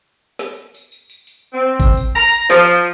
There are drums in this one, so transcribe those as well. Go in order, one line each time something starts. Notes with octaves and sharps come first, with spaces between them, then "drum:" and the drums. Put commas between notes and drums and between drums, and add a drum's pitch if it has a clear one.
drum: snare
drum: tambourine
drum: tambourine
drum: tambourine
drum: tambourine
C4
drum: kick G#1, tambourine
drum: tambourine
A#5, drum: tambourine
drum: tambourine
F3, drum: snare
drum: tambourine